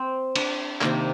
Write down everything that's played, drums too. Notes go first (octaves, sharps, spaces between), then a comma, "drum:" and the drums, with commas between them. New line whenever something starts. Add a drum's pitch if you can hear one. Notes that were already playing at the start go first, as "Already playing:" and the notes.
Already playing: C4
D4, drum: cymbal
C3 D#3 A#3, drum: clap